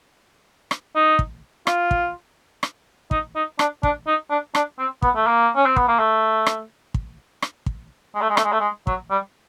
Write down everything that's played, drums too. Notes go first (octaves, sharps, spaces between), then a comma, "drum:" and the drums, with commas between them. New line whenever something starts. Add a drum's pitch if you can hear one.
drum: rim click
D#4
drum: kick
F4, drum: rim click
drum: kick
drum: rim click
D#4, drum: kick
D#4
D4, drum: rim click
D4, drum: kick
D#4
D4
D4, drum: rim click
C4
B3, drum: kick
A3
A#3
C#4
C4
B3, drum: kick
A#3
A3
drum: rim click
drum: kick
drum: rim click
drum: kick
G#3
A3
G#3
A3, drum: rim click
G#3
A3
G#3
F#3, drum: kick
G3